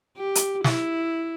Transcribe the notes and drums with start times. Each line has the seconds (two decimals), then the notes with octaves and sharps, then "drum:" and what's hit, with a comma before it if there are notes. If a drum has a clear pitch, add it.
0.17 G4
0.35 drum: hi-hat
0.64 E4, drum: snare